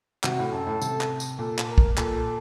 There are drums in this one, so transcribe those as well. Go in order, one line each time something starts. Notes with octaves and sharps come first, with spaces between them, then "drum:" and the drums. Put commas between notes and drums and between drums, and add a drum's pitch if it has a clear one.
C3 F#4, drum: clap
A2
F#2 A4
A2
C3, drum: tambourine
drum: clap
drum: tambourine
A#2 A4
drum: clap
A#4
drum: kick
A#2 A4, drum: clap